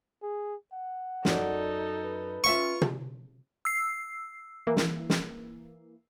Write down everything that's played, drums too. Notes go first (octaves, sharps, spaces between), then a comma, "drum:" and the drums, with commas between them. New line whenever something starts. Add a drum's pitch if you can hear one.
G#4
F#5
F#2 D#4 F#4 A4 D5, drum: snare
B4
C#4 F4 E5 C#6
drum: tom
E6 C7
E3 A#3
drum: snare
drum: snare